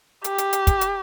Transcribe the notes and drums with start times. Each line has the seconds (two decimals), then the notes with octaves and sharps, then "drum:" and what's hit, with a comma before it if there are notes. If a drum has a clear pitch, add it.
0.24 G4, drum: hi-hat
0.38 drum: hi-hat
0.53 drum: hi-hat
0.67 drum: kick, hi-hat
0.81 drum: hi-hat